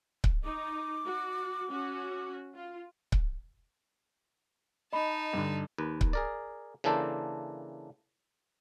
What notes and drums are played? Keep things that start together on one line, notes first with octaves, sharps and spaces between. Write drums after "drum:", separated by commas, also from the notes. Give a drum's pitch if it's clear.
drum: kick C#1
D#4 D6
F#4
C#4 F#4
F4
drum: kick C#1
D#4 D#5 A5 B5
G2 D3
D#2 B4
drum: kick C#1
G#4 A#4 D5
C#3 E3 A#3 D4 A4 C5